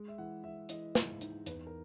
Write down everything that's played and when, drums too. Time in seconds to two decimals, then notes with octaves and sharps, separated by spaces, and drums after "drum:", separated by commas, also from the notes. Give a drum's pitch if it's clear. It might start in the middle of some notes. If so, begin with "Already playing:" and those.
Already playing: G#3
0.08 E5
0.18 E3 F#5
0.44 E3 E5
0.69 E3 D#5, drum: hi-hat
0.95 G#2, drum: snare
1.21 D#4, drum: hi-hat
1.46 E2 B4, drum: hi-hat
1.67 A#4